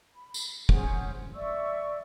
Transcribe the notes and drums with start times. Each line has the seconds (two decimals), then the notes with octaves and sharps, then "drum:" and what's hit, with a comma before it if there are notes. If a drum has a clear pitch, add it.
0.14 B5
0.34 drum: tambourine
0.69 C#4 G#4 C5 F#5, drum: kick
1.35 D5 E5 C#6 E6